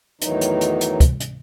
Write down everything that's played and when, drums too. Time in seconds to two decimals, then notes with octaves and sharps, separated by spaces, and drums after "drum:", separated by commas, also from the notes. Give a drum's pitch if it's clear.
0.21 E2 A2 D#3 E3 F#3 D#4, drum: hi-hat
0.41 drum: hi-hat
0.61 drum: hi-hat
0.81 drum: hi-hat
1.00 drum: kick, hi-hat
1.20 drum: hi-hat